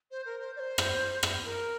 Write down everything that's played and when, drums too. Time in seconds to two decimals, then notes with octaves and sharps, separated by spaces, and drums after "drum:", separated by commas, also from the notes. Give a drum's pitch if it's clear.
0.11 C5
0.26 A#4
0.41 C5
0.56 D5
0.59 C5
0.78 drum: rim click
1.23 drum: rim click
1.45 A#4